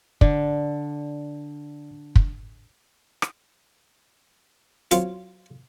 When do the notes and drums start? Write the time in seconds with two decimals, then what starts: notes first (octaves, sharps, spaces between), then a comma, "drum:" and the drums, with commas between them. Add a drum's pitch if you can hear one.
0.21 D3 D5, drum: kick
2.16 drum: kick
3.22 drum: rim click
4.91 F#3 C4 F4, drum: hi-hat